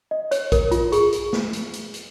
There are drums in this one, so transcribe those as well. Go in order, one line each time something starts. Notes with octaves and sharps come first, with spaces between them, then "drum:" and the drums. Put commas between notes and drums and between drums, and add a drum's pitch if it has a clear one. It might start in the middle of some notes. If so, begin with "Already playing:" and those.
D#5
C#5, drum: hi-hat
A#4, drum: kick, hi-hat
F4, drum: hi-hat
G#4, drum: hi-hat
drum: hi-hat
drum: snare
drum: hi-hat
drum: hi-hat
drum: hi-hat